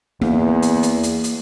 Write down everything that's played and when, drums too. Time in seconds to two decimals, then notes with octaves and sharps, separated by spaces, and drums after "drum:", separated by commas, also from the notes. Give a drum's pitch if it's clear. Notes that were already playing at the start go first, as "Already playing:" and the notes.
0.21 E2 A#3, drum: rim click
0.62 drum: hi-hat
0.83 drum: hi-hat
1.03 drum: hi-hat
1.24 drum: hi-hat